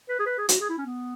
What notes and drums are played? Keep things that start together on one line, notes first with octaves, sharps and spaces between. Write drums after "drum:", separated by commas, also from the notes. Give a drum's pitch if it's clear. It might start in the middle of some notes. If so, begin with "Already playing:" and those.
B4
G#4
B4
G#4
F#4, drum: hi-hat
G#4
E4
C#4
B3